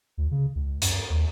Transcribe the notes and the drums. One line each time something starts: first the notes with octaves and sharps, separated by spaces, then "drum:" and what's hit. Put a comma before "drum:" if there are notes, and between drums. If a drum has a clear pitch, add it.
D2
C#3
C#2
F#2, drum: hi-hat
D#2